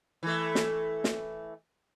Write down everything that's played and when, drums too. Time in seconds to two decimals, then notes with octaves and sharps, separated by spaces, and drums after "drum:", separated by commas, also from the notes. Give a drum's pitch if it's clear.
0.23 E3 A3
0.55 drum: snare
1.04 drum: snare